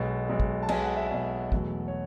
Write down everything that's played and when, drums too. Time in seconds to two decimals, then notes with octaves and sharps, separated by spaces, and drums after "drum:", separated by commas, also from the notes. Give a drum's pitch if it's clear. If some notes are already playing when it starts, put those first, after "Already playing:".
Already playing: B1 B2 G#3
0.28 B1 B2 G#3
0.40 drum: kick
0.63 A5
0.69 B1 B2 G#3 G#5, drum: cymbal
0.83 F#5
0.96 E5
1.10 B1 B2 G#3
1.52 E1 E2 B2 F#3 A3, drum: kick
1.88 C#5